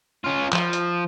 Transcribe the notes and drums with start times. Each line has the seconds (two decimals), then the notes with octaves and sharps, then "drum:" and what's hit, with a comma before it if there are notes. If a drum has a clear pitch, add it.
0.24 C#4 F4
0.53 F3, drum: clap
0.73 drum: hi-hat